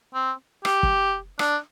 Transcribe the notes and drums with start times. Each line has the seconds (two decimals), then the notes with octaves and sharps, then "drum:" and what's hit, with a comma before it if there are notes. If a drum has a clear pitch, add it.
0.15 C4
0.65 G4, drum: rim click
0.83 drum: kick
1.39 D4, drum: rim click